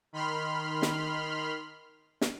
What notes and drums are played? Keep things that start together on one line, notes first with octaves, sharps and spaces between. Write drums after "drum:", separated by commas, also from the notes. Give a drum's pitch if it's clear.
D#3 B5 C6 F6
drum: snare
drum: snare